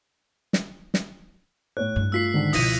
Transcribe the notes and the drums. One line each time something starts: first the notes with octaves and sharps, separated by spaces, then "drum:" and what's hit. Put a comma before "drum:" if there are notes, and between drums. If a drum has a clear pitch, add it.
drum: snare
drum: snare
A2 C#5 F#6
G2
A3 F4 E6 B6 C7
G#2 D3 D#3
C#2 B2 F3 E4 D#6 A#6 D#7, drum: open hi-hat